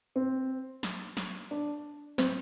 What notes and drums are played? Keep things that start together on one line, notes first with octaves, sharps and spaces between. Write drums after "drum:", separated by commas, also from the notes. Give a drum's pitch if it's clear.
C4
drum: snare
drum: snare
D4
C4, drum: snare